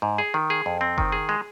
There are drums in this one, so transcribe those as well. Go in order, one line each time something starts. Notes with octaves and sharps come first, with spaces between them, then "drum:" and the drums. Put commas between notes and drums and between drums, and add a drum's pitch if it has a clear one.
G#2
G#4
D#3
G#4
F2
C4
D#3, drum: kick F#1
G#4
G#3